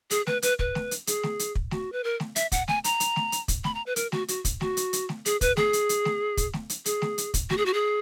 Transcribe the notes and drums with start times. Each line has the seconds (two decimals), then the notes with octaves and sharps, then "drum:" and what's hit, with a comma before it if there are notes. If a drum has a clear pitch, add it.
0.11 G#4, drum: hi-hat
0.27 B4, drum: snare A3
0.42 B4, drum: hi-hat
0.59 B4, drum: kick
0.75 drum: snare A3
0.91 drum: hi-hat
1.07 G#4, drum: hi-hat
1.23 drum: snare A3
1.39 drum: hi-hat
1.55 drum: kick
1.71 F#4, drum: snare A3
1.92 B4
2.04 A#4
2.20 drum: snare A3
2.36 E5, drum: hi-hat
2.52 F#5, drum: kick, hi-hat
2.68 G#5, drum: snare A3
2.84 A#5, drum: hi-hat
3.00 drum: hi-hat
3.16 drum: snare A3
3.32 drum: hi-hat
3.48 drum: kick, hi-hat
3.64 B5, drum: snare A3
3.75 A#5
3.86 B4
3.96 A#4, drum: hi-hat
4.12 F#4, drum: snare A3
4.28 F#4, drum: hi-hat
4.45 drum: kick, hi-hat
4.61 F#4, drum: snare A3
4.77 drum: hi-hat
4.93 drum: hi-hat
5.09 drum: snare A3
5.26 G#4, drum: hi-hat
5.41 B4, drum: kick, hi-hat
5.57 G#4, drum: snare A3
5.73 drum: hi-hat
5.89 drum: hi-hat
6.05 drum: snare A3
6.37 drum: kick, hi-hat
6.53 drum: snare A3
6.70 drum: hi-hat
6.86 G#4, drum: hi-hat
7.02 drum: snare A3
7.18 drum: hi-hat
7.34 drum: kick, hi-hat
7.50 F#4, drum: snare A3
7.58 G#4
7.66 F#4
7.74 G#4